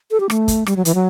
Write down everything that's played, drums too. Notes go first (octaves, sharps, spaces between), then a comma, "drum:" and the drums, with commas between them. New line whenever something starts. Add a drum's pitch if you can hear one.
A4
G4
A3, drum: rim click
drum: kick, hi-hat
G3, drum: rim click
F#3
E3, drum: hi-hat
F#3